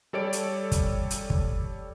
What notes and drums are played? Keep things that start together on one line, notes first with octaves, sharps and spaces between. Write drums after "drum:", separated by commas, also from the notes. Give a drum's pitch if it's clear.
G3 A4 C#5 D5 D7
drum: hi-hat
drum: kick, hi-hat
drum: hi-hat
drum: kick